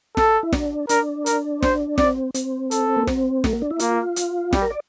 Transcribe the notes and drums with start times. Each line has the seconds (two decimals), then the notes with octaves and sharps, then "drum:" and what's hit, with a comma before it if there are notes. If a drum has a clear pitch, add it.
0.17 A4, drum: snare
0.43 E4
0.53 D4, drum: snare
0.89 D4 A#4, drum: hi-hat
1.26 A#4, drum: hi-hat
1.62 C5, drum: snare
1.98 C4 D5, drum: snare
2.34 C4, drum: hi-hat
2.71 A4, drum: hi-hat
2.97 A#3
3.07 C4, drum: snare
3.44 A3, drum: snare
3.53 A#3
3.62 D4
3.71 E4
3.79 A#3 F4, drum: hi-hat
4.16 drum: hi-hat
4.53 G3, drum: snare
4.62 A#4
4.70 D5